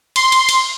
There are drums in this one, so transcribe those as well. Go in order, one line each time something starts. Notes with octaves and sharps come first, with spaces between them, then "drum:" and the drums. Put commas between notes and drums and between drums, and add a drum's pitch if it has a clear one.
C6, drum: cymbal
drum: cymbal
drum: cymbal